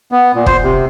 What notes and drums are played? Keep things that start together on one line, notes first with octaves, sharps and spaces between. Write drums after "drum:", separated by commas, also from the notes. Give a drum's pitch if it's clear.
B3
A#2
C5, drum: kick
C3